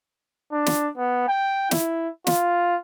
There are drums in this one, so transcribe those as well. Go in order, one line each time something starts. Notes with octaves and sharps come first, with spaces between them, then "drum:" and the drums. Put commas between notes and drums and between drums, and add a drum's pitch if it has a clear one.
D4
drum: snare
B3
G5
E4, drum: snare
F4, drum: snare